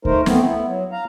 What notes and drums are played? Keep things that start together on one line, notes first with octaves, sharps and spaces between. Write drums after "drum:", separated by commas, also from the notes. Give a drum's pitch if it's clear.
A3 D#4 A#4 C5, drum: kick D2
A3 B3 C4, drum: snare
B3 E4
F#3
F5 A#5